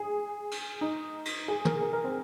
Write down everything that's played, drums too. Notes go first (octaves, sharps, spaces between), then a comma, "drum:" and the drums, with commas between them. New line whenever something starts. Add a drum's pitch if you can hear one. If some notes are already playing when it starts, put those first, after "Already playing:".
Already playing: G#4
drum: cymbal
D#4
drum: cymbal
G#4
A#4, drum: tom
A#4
A#4
C4